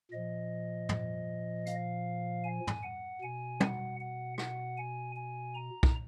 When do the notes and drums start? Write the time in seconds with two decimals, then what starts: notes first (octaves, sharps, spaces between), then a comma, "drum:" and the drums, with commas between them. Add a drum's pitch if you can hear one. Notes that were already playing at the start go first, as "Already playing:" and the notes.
0.11 A#2 F3 D#5
0.89 drum: tom
1.66 F5, drum: hi-hat
2.44 G#5
2.67 drum: tom
2.83 F#5
3.22 B2 G#5
3.60 F#5, drum: tom
4.00 F#5
4.38 F#5, drum: rim click
4.77 G#5
5.16 G#5
5.55 A#5
5.83 drum: kick